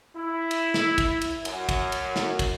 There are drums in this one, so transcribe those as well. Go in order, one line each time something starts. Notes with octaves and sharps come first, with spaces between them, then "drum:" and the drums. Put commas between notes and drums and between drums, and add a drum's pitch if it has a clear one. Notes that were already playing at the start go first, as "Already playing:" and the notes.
E4
drum: cymbal
drum: snare
drum: kick, cymbal
drum: cymbal
F#2, drum: cymbal
drum: kick, cymbal
drum: cymbal
drum: snare
drum: kick, cymbal